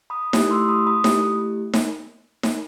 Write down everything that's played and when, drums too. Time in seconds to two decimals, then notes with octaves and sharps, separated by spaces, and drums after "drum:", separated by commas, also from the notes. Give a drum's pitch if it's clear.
0.10 B5 D#6
0.33 A3 E4 G4 B5 D#6, drum: snare D#4
0.51 C6 E6
0.68 B5 D#6
0.87 B5 D#6
1.04 A3 E4 G4, drum: snare D#4
1.74 drum: snare D#4
2.43 drum: snare D#4